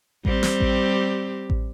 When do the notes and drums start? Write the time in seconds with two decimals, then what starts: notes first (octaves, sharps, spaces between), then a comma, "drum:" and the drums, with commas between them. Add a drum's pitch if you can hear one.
0.25 G3 C4 G4, drum: kick A1
0.43 drum: snare
0.60 drum: kick A1
1.50 drum: kick A1